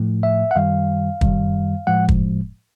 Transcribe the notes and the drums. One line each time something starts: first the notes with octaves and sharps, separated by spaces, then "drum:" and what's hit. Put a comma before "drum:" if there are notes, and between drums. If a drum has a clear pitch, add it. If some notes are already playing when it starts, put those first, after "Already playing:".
Already playing: A2 F3 A3
E5
F#5
F#2 D#3 G3 F5
F#2 D#3 G3, drum: kick
A2 F3 G#3 F#5
drum: kick